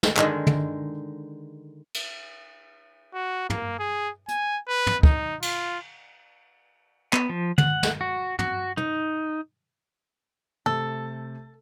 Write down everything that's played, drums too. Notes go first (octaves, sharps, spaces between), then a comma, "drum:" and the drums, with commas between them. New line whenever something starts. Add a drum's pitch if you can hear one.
drum: snare
D3 D#3 G#3, drum: clap
drum: tom
drum: cymbal
F#4
A#3, drum: tom
G#4
G#5, drum: hi-hat
B4
drum: tom
D#4, drum: kick
F4, drum: cymbal
B3, drum: clap
F3
F#5, drum: tom
drum: snare
F#4
F#4, drum: tom
D#4, drum: tom
C3 A3 A4